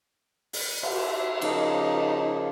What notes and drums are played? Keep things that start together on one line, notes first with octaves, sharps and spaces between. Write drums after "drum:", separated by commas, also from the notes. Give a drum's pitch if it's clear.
drum: open hi-hat
drum: cymbal
E5
C#3 F3 A#3 D#4, drum: cymbal